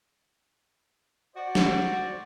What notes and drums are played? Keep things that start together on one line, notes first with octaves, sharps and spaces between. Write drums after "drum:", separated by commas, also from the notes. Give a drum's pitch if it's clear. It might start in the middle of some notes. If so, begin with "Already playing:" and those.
F#4 C5 D5
drum: snare